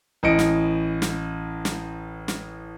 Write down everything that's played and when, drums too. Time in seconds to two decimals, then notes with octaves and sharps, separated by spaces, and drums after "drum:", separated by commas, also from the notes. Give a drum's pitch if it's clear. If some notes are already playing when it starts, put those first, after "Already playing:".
0.23 A1 E3 D#5 C#7 D7
0.39 drum: snare
1.02 drum: snare
1.65 drum: snare
2.28 drum: snare